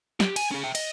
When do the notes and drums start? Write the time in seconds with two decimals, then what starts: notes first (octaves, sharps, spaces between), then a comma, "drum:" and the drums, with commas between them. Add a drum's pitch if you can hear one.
0.20 G4, drum: snare
0.36 G#5, drum: cymbal
0.51 C#4 G#4
0.64 E5 G5
0.75 D#5, drum: cymbal